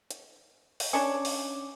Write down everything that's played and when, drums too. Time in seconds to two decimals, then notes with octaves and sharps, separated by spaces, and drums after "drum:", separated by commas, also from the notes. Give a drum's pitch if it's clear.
0.11 drum: hi-hat
0.80 drum: open hi-hat
0.93 C#4 D4
1.25 drum: open hi-hat